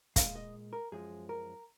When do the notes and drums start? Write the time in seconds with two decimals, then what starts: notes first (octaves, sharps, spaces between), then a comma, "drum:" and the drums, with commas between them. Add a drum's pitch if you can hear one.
0.16 A#2 G#3 F5, drum: kick, hi-hat
0.35 D#5
0.73 A#4
0.92 F#2 F3 G#3 G#4
1.29 A#4